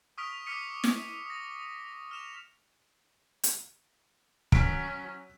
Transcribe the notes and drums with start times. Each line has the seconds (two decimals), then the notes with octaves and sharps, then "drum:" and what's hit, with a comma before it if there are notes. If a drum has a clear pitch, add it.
0.18 C#6 D#6 F6 B6 D7 F7
0.46 D6 D#6 F6 B6 C#7 D#7
0.84 drum: snare
1.26 D#6 A#6
2.11 F6 E7 F7
3.43 drum: hi-hat
4.52 F#3 C#4 F#6 B6 D7, drum: kick